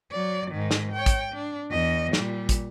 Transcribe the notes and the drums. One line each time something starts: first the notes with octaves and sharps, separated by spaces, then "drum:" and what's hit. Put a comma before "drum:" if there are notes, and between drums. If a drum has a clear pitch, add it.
F#3 D5
G#2 D#3
drum: snare
C#5 G5
drum: kick, hi-hat
D4
E2 D#5
A#2 G3, drum: snare
drum: kick, hi-hat